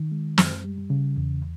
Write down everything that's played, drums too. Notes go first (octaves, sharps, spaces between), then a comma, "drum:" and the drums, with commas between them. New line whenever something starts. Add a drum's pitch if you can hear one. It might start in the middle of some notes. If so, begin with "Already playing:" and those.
Already playing: D#3
G#3
F#2, drum: snare
G3
C#3
E2